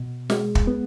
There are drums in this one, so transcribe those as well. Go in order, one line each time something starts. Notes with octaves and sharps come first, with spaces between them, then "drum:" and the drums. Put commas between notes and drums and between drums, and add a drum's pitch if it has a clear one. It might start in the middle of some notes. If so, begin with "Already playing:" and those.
Already playing: B2
G#3, drum: snare
drum: kick
B3